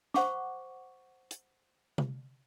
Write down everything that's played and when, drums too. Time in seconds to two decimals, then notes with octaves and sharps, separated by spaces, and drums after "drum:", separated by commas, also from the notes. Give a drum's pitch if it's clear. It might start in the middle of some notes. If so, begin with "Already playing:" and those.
0.14 C5 F#5 C#6 D6, drum: snare
1.31 drum: hi-hat
1.98 drum: tom C3